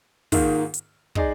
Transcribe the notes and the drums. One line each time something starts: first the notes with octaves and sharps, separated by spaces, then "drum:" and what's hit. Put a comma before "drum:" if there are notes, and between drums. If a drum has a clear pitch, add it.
G#2 D#3 A#3 F4, drum: kick, open hi-hat
drum: hi-hat
G#3 D#4 G#4 D5, drum: kick